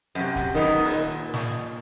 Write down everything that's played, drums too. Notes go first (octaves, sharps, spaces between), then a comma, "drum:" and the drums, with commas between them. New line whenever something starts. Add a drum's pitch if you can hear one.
F#2 C3
drum: kick C#1, hi-hat
D#3 G#3 B3 D#4
A#2, drum: open hi-hat
drum: snare